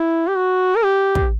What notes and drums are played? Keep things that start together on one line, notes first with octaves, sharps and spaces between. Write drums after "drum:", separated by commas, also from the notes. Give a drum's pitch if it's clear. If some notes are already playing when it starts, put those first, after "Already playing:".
Already playing: E4
G4
F#4
A#4
G4
drum: kick